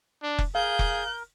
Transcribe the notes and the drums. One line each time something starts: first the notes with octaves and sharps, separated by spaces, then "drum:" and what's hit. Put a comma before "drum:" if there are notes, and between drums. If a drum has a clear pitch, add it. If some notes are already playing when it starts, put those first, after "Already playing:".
D4
drum: kick F1
G#4 A#4 F5 G6
drum: kick F1